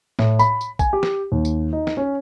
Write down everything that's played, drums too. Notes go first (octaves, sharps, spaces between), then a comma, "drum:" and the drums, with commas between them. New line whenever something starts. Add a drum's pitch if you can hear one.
A2, drum: snare
B5, drum: tambourine
drum: tambourine
G#5, drum: kick, tambourine
G4
drum: snare
D#2
drum: tambourine
D#4
drum: snare
C#4